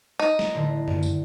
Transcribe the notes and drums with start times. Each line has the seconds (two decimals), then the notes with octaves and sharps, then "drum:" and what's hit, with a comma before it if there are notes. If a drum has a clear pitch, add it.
0.20 D#4
0.39 drum: snare
0.54 A1 D3 A3
0.88 drum: tom F#2
1.03 drum: tambourine